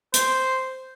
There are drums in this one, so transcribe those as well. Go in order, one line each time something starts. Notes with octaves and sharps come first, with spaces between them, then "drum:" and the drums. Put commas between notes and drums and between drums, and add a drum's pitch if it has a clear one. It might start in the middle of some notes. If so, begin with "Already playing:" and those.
C5, drum: hi-hat